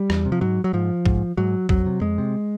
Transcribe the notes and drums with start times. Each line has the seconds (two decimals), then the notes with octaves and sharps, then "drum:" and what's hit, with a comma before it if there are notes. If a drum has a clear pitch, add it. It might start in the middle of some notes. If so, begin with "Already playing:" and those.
Already playing: G3
0.10 E2, drum: rim click
0.26 C3
0.32 F3
0.41 G#2 F#3
0.64 F#3
0.73 G#2 F3
1.06 G#2, drum: kick
1.37 G#2 F#3
1.69 F2 F#3, drum: kick
1.86 C3
2.01 F2 G#3
2.18 C3